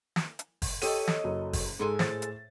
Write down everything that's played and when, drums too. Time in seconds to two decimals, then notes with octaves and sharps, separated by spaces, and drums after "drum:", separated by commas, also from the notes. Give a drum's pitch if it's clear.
0.16 drum: snare
0.39 drum: hi-hat
0.62 drum: kick, open hi-hat
0.82 G4 A4 C#5 D#5 D#7, drum: open hi-hat
1.08 drum: snare
1.24 F#1 F#3
1.53 drum: kick, open hi-hat
1.80 G#2 G#3 A4 G#5 C6
1.99 A2 C5 A6, drum: snare
2.22 drum: hi-hat